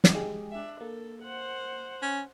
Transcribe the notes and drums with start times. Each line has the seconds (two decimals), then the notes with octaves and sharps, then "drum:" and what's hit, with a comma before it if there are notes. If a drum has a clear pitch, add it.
0.04 drum: snare
0.15 G#3 G4 G#4
0.52 D4 E5
0.81 A#3 A4
1.23 C5 F#5
2.02 C#4